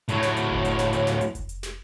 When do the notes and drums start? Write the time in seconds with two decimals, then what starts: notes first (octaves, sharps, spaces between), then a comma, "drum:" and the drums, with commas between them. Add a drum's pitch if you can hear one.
0.09 A2 F#3, drum: hi-hat
0.23 drum: snare
0.37 drum: hi-hat
0.51 drum: kick F1
0.65 drum: hi-hat
0.79 drum: snare
0.93 drum: hi-hat
1.07 drum: snare
1.21 drum: hi-hat
1.35 drum: kick F1, hi-hat
1.49 drum: hi-hat
1.63 drum: snare